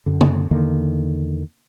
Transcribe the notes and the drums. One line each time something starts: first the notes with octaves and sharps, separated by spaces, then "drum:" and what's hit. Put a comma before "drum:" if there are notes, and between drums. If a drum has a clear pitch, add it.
F#2 D3
drum: tom C#3
E2 D3 D#3 A#3